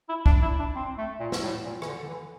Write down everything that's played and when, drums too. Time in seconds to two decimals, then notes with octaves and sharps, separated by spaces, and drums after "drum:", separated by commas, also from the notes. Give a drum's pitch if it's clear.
0.09 E4
0.26 D4, drum: kick
0.42 E4
0.59 D4
0.76 C4
0.98 A3
1.20 A#2
1.32 drum: snare
1.43 A2
1.65 A#2
1.82 E3, drum: rim click
1.87 D3
2.04 D3
2.09 E3